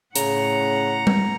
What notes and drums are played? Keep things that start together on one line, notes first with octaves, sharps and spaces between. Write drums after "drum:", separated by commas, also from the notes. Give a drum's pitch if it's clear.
A2 C#3 F#5 A#5, drum: hi-hat
drum: tom G3